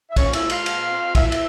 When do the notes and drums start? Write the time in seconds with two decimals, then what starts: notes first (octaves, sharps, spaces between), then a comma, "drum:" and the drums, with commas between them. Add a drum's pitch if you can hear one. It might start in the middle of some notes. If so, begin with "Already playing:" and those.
0.09 E5
0.16 A#2 C#4 C#5, drum: kick, cymbal
0.33 E4 E5, drum: cymbal
0.41 G#3
0.50 F4 F5, drum: cymbal
0.66 A#2, drum: cymbal
0.91 C4
1.15 A#2 E4 E5, drum: kick, cymbal
1.32 drum: cymbal